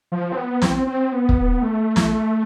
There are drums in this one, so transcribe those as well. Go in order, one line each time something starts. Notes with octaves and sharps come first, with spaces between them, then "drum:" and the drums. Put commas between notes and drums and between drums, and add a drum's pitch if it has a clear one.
F3
C4
B3
C4, drum: snare
C4
B3
drum: kick
A3
drum: snare